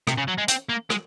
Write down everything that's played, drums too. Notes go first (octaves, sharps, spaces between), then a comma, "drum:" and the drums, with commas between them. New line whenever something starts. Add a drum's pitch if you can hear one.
C3, drum: rim click
C#3
F#3
G#3
C4, drum: hi-hat
A#3
G#3, drum: rim click